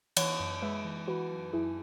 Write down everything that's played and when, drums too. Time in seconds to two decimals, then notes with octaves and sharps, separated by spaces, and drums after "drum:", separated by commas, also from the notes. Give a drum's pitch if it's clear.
0.17 E3 C#5 F#5, drum: cymbal
0.40 F#2
0.62 G#3 B4 E5
0.85 E3
1.08 E3 F#4 B4
1.31 F#2
1.53 F#2 E4 G#4